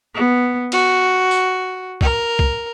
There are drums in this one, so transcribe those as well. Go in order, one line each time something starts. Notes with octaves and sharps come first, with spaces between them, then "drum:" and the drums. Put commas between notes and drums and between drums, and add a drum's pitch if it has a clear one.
B3
F#4, drum: cymbal
drum: tambourine
A#4, drum: kick
drum: kick